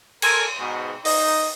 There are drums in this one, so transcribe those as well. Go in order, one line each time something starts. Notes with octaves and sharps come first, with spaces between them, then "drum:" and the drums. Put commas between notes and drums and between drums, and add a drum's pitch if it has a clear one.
A4 A#4 G#5, drum: cymbal
G#2 B2
D#4 D#5, drum: open hi-hat